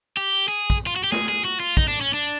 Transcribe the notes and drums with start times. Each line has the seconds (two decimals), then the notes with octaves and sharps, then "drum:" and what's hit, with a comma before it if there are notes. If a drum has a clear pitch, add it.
0.17 G4
0.48 G#4, drum: tambourine
0.70 drum: kick, tambourine
0.87 F4
0.96 F#4
1.04 G4
1.12 G#4, drum: snare
1.29 G#4
1.45 F#4
1.60 F4
1.77 D#4, drum: kick, tambourine
1.88 D4
2.01 C#4
2.14 D4